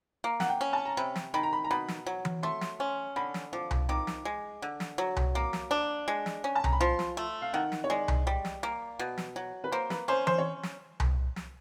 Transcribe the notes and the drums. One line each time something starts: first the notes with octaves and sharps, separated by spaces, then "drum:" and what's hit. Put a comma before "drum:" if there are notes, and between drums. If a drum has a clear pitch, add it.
A#3
F#5, drum: snare
G5
C#4
A5
A#5
C3 B5
drum: snare
D#3 B5
A#5
B5
A#5
B2 B5
drum: snare
F#3
drum: tom E3
A3 C6
drum: snare
C#4
D3 B5
drum: snare
F3 D6
drum: tom C2
D#3 D6
drum: snare
G#3
D3
drum: snare
F#3
drum: tom C2
A#3 D6
drum: snare
D4
G#3
drum: snare
C#4
A5
A#5, drum: tom C2
B5
F3 C6
drum: snare
A3
F5
D#3 F#5
drum: snare
C#5
G#3 D5
drum: tom C2
G3
drum: snare
A#3
B2
drum: snare
F#3
B4
A#3 C5
B4, drum: snare
C#4 C5
C5, drum: tom E3
C#5
drum: snare
drum: tom C2
drum: snare